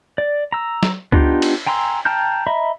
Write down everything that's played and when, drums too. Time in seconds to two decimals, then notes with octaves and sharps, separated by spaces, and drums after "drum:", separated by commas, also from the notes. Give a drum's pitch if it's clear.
0.18 D5
0.52 A#5 E6
0.83 drum: snare F#3
1.12 B3 D4 D#4 F4 G4, drum: kick C#2
1.42 drum: cymbal
1.67 G5 G#5 A#5 C6 E6
2.05 G5 A5 A#5 F6 G6
2.47 D#5 E5 A#5 B5